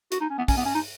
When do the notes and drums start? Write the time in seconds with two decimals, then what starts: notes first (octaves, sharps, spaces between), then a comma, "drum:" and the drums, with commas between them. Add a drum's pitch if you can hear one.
0.12 F#4, drum: hi-hat
0.20 D#4
0.30 C#4
0.38 B3
0.48 C#4, drum: kick, open hi-hat
0.57 B3
0.65 C#4
0.75 D#4